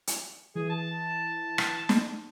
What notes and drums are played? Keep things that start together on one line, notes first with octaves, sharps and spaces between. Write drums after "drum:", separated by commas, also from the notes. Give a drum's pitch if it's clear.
drum: hi-hat
E3 G#4
A5
drum: rim click
drum: snare